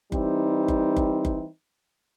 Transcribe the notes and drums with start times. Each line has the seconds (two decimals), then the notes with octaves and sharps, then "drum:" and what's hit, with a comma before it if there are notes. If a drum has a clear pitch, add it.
0.12 E3 G3 C4 D#4, drum: kick F#1
0.68 drum: kick F#1
0.97 drum: kick F#1
1.25 drum: kick F#1